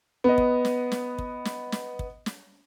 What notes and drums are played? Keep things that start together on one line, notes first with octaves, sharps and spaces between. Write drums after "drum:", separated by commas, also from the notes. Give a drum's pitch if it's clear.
B3 D#5
drum: kick
drum: snare
drum: snare
drum: kick
drum: snare
drum: snare
drum: kick
drum: snare